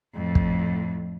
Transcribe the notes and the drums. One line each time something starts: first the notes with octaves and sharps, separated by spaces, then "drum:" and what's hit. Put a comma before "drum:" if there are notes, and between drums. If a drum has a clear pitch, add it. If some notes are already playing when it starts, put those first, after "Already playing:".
F2 A2
drum: kick